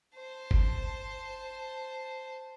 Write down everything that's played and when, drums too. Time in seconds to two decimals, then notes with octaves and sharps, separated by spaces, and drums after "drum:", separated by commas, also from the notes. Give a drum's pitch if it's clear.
0.15 C5 A5
0.51 drum: kick G1